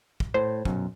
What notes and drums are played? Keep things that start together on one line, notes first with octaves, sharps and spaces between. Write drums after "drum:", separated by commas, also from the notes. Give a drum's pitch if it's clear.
drum: kick
A2 C5
B1 F#2, drum: kick